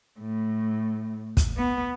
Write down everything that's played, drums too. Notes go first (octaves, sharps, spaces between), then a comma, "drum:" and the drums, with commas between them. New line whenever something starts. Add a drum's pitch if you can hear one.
A2
drum: kick, hi-hat
B3